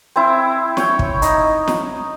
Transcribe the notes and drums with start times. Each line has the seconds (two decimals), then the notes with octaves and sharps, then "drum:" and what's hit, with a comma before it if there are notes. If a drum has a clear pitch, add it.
0.16 C4 E4
0.77 C#5 G5, drum: snare
0.99 drum: kick
1.22 D#4, drum: hi-hat
1.68 drum: snare